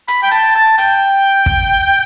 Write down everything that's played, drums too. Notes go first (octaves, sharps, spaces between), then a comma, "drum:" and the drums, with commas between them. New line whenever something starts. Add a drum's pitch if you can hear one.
B5, drum: hi-hat
G5
A5, drum: hi-hat
A5
G5, drum: hi-hat
drum: kick